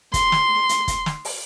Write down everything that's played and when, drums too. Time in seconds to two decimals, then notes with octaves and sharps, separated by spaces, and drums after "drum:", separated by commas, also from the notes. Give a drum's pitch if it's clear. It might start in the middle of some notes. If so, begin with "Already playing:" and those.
0.14 C6, drum: kick, hi-hat
0.32 drum: snare
0.69 drum: hi-hat
0.88 drum: kick, hi-hat
1.06 drum: snare
1.25 drum: open hi-hat